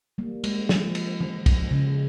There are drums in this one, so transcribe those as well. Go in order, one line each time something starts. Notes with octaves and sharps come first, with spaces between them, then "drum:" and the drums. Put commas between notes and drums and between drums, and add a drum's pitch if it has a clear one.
G3 A#3
G#3, drum: cymbal
F3, drum: snare
drum: cymbal
drum: tom E3
drum: kick, cymbal
C#3